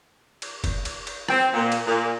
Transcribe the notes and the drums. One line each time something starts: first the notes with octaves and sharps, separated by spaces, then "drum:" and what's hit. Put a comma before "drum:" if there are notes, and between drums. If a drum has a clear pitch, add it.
drum: cymbal
drum: kick, cymbal
drum: cymbal
drum: cymbal
C4, drum: rim click
A#2
drum: cymbal
A#2